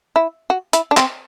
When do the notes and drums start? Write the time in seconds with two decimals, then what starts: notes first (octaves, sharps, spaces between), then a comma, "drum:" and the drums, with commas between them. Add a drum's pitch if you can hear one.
0.16 E4
0.50 F#4
0.73 E4, drum: hi-hat
0.91 D4
0.97 C4, drum: clap